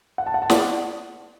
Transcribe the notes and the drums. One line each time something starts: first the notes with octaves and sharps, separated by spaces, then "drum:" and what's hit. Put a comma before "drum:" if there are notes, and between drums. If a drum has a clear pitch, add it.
F#5
A5
F#5
A5
D5 F#5, drum: snare